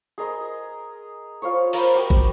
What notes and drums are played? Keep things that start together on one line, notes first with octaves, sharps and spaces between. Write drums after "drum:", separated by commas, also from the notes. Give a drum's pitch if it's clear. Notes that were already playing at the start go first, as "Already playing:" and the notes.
G#4 A#4 D#5 C6
F4 C5 C#5 C#6
A#4 C5 F5 B5, drum: cymbal
F#4 G4 A#4 B4
drum: kick